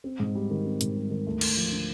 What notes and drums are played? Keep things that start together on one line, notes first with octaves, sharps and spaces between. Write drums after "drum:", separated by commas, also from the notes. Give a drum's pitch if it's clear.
C4
G#2
G3
D#3
C4
G#2, drum: hi-hat
G3
D#3
D2
D2, drum: cymbal
F3
D3